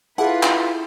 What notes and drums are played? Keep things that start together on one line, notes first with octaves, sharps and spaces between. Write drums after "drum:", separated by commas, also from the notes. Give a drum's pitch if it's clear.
E4 F4 G#4 A4 B4 F#5 A5
drum: clap